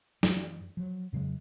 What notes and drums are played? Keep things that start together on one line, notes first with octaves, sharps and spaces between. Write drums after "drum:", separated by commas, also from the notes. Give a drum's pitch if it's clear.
F#2 E3, drum: snare
F3 F#3
F2 C#3 F#3 G#3